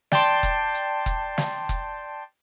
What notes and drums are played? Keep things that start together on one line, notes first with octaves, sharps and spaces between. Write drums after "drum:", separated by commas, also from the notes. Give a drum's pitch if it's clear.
D5 G5 A5 C6, drum: snare
drum: kick F1, hi-hat
drum: hi-hat
drum: kick F1, hi-hat
drum: snare
drum: kick F1, hi-hat